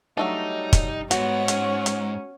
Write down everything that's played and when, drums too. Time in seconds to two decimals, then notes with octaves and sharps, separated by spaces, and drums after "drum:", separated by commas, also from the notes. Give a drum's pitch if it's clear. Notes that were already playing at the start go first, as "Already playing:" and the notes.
0.17 F#3 G3 A3 D4 D#4
0.73 drum: kick, hi-hat
1.11 G#2 B3 F#4 C#5 F#5, drum: hi-hat
1.48 C#4, drum: hi-hat
1.86 drum: hi-hat